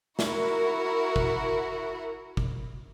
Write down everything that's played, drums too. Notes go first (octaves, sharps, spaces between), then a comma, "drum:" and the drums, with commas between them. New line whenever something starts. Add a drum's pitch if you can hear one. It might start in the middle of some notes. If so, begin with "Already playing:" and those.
E4 F#4 A#4, drum: snare
drum: kick G1
drum: kick G1